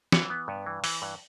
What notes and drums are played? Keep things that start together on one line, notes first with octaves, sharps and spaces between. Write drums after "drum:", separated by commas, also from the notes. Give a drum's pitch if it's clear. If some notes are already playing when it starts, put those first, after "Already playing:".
E3 F#5, drum: snare
B3
G2
E3
E3, drum: open hi-hat
G2